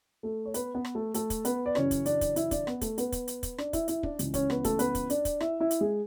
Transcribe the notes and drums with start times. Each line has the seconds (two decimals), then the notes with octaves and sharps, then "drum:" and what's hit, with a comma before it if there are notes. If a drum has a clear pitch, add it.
0.23 A3 A4
0.45 C#5
0.54 B3 B4, drum: hi-hat
0.75 B3 B4
0.85 drum: rim click
0.95 A3 A4
1.14 A3 A4, drum: hi-hat
1.30 drum: kick, hi-hat
1.45 B3 B4, drum: hi-hat
1.66 D5
1.75 F#2 C#3 E3 C#4 C#5, drum: rim click
1.91 drum: kick, hi-hat
2.06 D4 D5, drum: hi-hat
2.21 drum: kick, hi-hat
2.36 E4 E5, drum: hi-hat
2.51 D4 D5, drum: kick, hi-hat
2.67 B3 B4, drum: rim click
2.81 A3 A4, drum: kick, hi-hat
2.98 B3 B4, drum: hi-hat
3.12 drum: kick, hi-hat
3.28 drum: hi-hat
3.43 drum: kick, hi-hat
3.58 D4 D5, drum: rim click
3.73 E4 E5, drum: kick, hi-hat
3.88 E4 E5, drum: hi-hat
4.03 D4 D5, drum: kick
4.19 C#2 C#3 E3, drum: hi-hat
4.34 C#4 C#5, drum: kick, hi-hat
4.50 B3 B4, drum: rim click
4.64 A3 A4, drum: kick, hi-hat
4.79 B3 B4, drum: hi-hat
4.95 drum: kick, hi-hat
5.10 D4 D5, drum: hi-hat
5.25 drum: kick, hi-hat
5.40 E4 E5, drum: rim click
5.60 E4 E5
5.71 drum: hi-hat
5.81 G#3 G#4